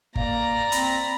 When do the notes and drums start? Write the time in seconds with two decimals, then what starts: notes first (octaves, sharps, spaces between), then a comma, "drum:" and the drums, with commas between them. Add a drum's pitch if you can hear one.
0.15 A#3 D5 A#5, drum: kick G1
0.72 C4 B5, drum: hi-hat